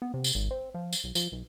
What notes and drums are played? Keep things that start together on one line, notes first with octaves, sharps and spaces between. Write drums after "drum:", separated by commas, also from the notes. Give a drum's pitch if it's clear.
B3
C3
drum: tambourine
G#1
C4
F3
drum: tambourine
B1
F3, drum: tambourine
B1